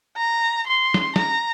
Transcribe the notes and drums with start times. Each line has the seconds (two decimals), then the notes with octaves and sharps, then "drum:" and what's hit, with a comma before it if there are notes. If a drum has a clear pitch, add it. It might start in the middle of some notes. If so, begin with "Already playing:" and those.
0.17 A#5
0.67 C6
0.94 drum: snare
1.16 A#5, drum: snare